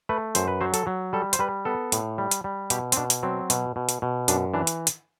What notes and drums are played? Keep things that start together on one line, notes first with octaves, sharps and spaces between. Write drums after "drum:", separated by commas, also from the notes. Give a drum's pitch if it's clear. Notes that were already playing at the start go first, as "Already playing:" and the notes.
A3 B4
F#2 C5, drum: hi-hat
B4
F#3 C5
A4, drum: hi-hat
F#3
G3 A4
C5, drum: hi-hat
G3 B4
B3 A4
A2, drum: hi-hat
G3
drum: hi-hat
G3
B2 G4, drum: hi-hat
C4, drum: hi-hat
B2 D4
drum: hi-hat
F#3 C4
B2, drum: hi-hat
B2
drum: hi-hat
B2
F#2 D4, drum: hi-hat
E3 D4
drum: hi-hat
drum: hi-hat